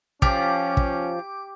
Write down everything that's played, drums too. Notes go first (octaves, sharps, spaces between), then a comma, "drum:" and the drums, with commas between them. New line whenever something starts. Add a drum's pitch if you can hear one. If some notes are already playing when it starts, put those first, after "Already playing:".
F3 C#4 G4 D6, drum: kick
drum: kick